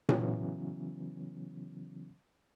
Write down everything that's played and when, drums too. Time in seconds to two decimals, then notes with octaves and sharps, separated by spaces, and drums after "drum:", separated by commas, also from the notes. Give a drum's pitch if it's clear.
0.09 C#3 E3 F#3 B3 C#4, drum: tom A#2